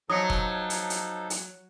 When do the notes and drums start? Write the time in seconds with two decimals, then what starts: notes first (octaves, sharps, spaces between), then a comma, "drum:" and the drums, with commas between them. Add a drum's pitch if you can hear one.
0.10 F3 F#3 D#4 A4 D#6 C#7
0.30 drum: kick F1
0.70 drum: hi-hat
0.90 drum: hi-hat
1.30 drum: hi-hat